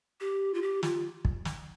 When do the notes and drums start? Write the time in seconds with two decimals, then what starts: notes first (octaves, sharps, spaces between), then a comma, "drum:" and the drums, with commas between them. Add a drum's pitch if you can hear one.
0.21 G4
0.54 F4
0.62 G4
0.83 F4, drum: snare
1.25 drum: kick
1.45 drum: snare